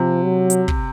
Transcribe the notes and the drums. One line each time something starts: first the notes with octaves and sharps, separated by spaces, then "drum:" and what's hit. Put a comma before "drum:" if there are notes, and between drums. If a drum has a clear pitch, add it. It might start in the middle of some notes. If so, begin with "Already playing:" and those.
Already playing: C3 F3
F#3
drum: hi-hat
drum: kick